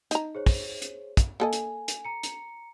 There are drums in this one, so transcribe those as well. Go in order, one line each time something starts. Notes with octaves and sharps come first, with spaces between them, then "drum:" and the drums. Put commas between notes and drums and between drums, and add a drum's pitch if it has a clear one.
D#4 A#5, drum: hi-hat
G#4 C5 C#5
drum: kick, open hi-hat
drum: hi-hat
drum: kick, hi-hat
A#3 A4 D#5 G#5
drum: hi-hat
drum: hi-hat
A#5 C#7
drum: hi-hat